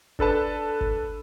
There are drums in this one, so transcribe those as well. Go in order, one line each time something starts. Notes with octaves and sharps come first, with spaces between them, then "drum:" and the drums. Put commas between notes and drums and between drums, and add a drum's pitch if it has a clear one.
D4 A4 B4 A5, drum: kick
drum: kick